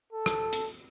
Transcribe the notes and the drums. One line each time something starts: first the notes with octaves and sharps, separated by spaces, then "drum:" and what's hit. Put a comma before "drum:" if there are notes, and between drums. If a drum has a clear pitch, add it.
A4
drum: rim click
drum: hi-hat